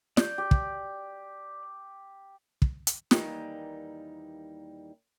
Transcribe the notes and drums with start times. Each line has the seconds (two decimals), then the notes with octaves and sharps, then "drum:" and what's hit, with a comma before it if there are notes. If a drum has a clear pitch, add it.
0.17 D5 G6, drum: snare
0.38 G4
0.51 drum: kick
2.62 drum: kick
2.87 drum: hi-hat
3.11 D#2 E3 G3 A#3 D#4 G5, drum: snare